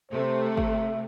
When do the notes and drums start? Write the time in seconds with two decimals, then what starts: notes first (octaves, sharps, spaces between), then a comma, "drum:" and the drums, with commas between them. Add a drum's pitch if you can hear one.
0.12 C3 A3 C5
0.57 E5, drum: kick